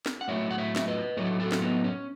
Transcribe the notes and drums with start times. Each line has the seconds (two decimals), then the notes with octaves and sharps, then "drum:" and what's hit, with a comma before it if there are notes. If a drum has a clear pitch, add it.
0.06 drum: snare
0.21 F#5
0.28 A2 F#3 A3 C#5 E5
0.51 F#5
0.58 C#5 E5
0.76 E5, drum: snare
0.88 B4 D#5
1.17 A2 F#3 A3 A4 C#5
1.40 F#4 A4
1.52 drum: snare
1.62 B3 D#4
1.84 C#4